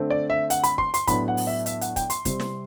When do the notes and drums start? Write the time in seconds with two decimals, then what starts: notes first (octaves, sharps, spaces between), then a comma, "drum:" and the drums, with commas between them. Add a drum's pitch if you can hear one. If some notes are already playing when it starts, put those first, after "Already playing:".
Already playing: D3 A3 C4
0.10 D5
0.30 E5
0.50 F#5, drum: hi-hat
0.63 B5, drum: hi-hat
0.78 C6, drum: kick
0.94 C6, drum: hi-hat
1.07 A2 F#3 B3 D4 B5, drum: kick, hi-hat
1.28 F#5
1.37 drum: open hi-hat
1.47 E5
1.66 E5, drum: hi-hat
1.81 F#5, drum: hi-hat
1.96 G5, drum: kick, hi-hat
2.10 C6, drum: hi-hat
2.25 C3 G3 C4, drum: kick, hi-hat
2.40 drum: snare